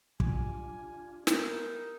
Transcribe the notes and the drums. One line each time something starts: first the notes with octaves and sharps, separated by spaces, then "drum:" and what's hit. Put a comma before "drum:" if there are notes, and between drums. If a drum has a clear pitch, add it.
D4 F4 G4 G#5, drum: kick
B3 D#4 E4 G4 A#4, drum: snare